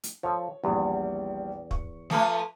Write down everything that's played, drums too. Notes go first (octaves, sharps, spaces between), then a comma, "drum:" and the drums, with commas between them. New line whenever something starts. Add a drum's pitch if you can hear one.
drum: hi-hat
F3 A4 C#5
A#1 E2 G3
C#6, drum: kick
F3 A3 B4, drum: snare